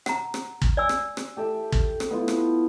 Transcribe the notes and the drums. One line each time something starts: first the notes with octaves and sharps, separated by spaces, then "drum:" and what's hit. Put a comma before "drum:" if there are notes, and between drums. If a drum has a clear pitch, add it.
F#5 A#5, drum: rim click
drum: rim click
drum: kick
D5 G#5 E6
drum: rim click
drum: rim click
G4 A4 E5
drum: kick
drum: rim click
B3 E4 F4
drum: rim click